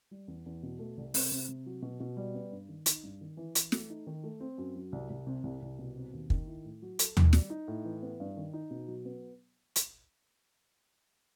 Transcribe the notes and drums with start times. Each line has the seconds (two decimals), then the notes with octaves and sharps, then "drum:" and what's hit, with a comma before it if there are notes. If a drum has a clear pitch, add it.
0.11 G3
0.28 E2
0.46 E2
0.63 B2
0.79 A3
0.97 C2
1.14 C3, drum: open hi-hat
1.31 C3
1.49 C3
1.66 F#3
1.82 B2
2.00 B2
2.17 G3
2.35 B3
2.52 G2
2.69 D#3
2.86 D#4, drum: hi-hat
3.03 G2
3.21 D#3
3.37 E3
3.55 E3, drum: hi-hat
3.72 A3, drum: snare
3.90 D#4
4.07 D#3
4.24 A3
4.40 C4
4.58 F#2
4.75 F#3
4.92 C2
5.10 C2
5.27 C3
5.44 C2
5.62 C2
5.79 B2
5.96 C4
6.13 D#2
6.30 D#3, drum: kick
6.47 E4
6.64 A2
6.82 F#3
6.99 A4, drum: hi-hat
7.17 D#3, drum: tom D#2
7.33 G3, drum: snare
7.50 D#4
7.68 A2
7.85 E3
8.03 B3
8.20 G2
8.37 D#3
8.53 D#4
8.71 B2
8.87 F#3
9.05 B3
9.76 drum: hi-hat